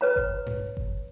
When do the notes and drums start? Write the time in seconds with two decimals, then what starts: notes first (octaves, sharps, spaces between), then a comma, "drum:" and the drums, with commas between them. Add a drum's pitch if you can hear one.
0.01 B4 C#5 A#5
0.16 drum: kick G1
0.46 drum: tom G2
0.77 drum: kick G1